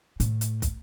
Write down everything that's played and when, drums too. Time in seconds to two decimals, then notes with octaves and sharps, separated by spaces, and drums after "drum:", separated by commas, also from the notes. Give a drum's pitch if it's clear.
0.20 A2, drum: hi-hat
0.41 drum: hi-hat
0.62 drum: kick, hi-hat